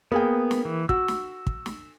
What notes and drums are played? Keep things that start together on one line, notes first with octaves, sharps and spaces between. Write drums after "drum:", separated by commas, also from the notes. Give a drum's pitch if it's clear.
A#3 B3 G#4 G5
drum: snare
E3
F#4 E6, drum: kick
drum: snare
drum: kick
drum: snare